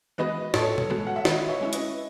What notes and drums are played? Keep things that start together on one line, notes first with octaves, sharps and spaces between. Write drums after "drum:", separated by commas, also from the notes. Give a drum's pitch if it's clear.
E3 G#3 B3 F#4 B4 D#5
A2 A4 C#5, drum: snare
drum: tom B2
E3 G#3 B3 F#4
F#5
E5
D#3 B4 D#5, drum: snare
C#5 E5
G#3 C#4 E4
B4 D#5, drum: hi-hat